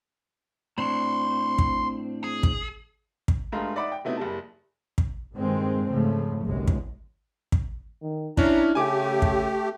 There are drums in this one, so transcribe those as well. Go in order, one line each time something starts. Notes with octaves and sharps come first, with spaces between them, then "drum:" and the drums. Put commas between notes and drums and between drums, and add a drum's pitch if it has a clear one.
A2 C4 D4 B5 C6
drum: kick
G#4
drum: kick
drum: kick
G2 G#3 A3 F4 A#5
D#4 D5 E5 F#5 B5 D6
G5
C3 F#3 A3 B3 D#4 E4
F#1 G3 A5
drum: kick
G2 A#2 D#3 G#3 C4
G#2 C#3 F3 A3
G1 C2 F#2 G#3
drum: kick
drum: kick
D#3
C#4 D4 E4 A#5, drum: kick
C#3 A3 G4 G#5 D6
drum: kick